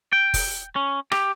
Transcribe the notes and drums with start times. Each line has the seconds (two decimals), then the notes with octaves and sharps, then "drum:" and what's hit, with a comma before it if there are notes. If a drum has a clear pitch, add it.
0.13 G5
0.34 drum: kick F1, open hi-hat
0.76 C#4
1.12 G4, drum: rim click